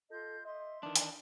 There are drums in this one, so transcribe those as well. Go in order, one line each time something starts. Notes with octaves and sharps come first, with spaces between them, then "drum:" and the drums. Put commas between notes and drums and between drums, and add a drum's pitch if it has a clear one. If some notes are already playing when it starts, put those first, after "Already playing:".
F4 A4 D#5 G6
D#5 E5 C6
D#3 E3 D4
drum: hi-hat